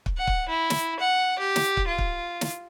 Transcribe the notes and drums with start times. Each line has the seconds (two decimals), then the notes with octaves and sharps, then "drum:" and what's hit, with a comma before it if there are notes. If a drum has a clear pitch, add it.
0.06 drum: kick
0.17 F#5
0.27 drum: kick
0.49 E4
0.70 drum: snare
1.00 F#5
1.39 G4
1.56 drum: snare
1.77 drum: kick
1.87 F4
1.98 drum: kick
2.41 drum: snare